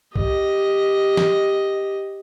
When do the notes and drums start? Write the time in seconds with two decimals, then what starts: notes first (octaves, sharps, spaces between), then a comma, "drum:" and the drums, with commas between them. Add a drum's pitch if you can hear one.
0.16 G4 D#5, drum: kick
1.17 drum: snare F3